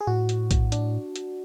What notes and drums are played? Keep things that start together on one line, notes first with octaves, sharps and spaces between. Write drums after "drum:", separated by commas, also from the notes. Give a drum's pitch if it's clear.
G#4
A2 F#4
drum: hi-hat
drum: kick A#1, hi-hat
D4, drum: hi-hat
drum: hi-hat